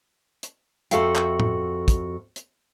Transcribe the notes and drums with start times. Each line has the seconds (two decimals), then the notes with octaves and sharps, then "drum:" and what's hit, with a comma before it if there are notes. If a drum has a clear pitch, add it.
0.43 drum: hi-hat
0.91 F2 F#4 A4 E5 F5 G5, drum: hi-hat
1.15 drum: clap
1.40 drum: tom
1.88 drum: kick, hi-hat
2.36 drum: hi-hat